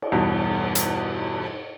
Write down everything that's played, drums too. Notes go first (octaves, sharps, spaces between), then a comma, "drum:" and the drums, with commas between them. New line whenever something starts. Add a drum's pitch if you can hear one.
drum: cymbal
E2 G2 B2
drum: hi-hat